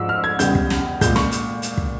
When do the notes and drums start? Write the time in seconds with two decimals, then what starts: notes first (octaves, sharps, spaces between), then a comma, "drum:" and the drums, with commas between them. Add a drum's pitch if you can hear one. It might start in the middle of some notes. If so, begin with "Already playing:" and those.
Already playing: G#2 F3 G#3 E6
0.09 F6
0.24 G#6
0.39 E2 C#3 G3 G6, drum: hi-hat
0.55 drum: kick
0.70 drum: snare
1.01 A#2 G#3 G6, drum: kick, hi-hat
1.16 C#6, drum: snare
1.32 drum: hi-hat
1.62 drum: hi-hat
1.77 drum: kick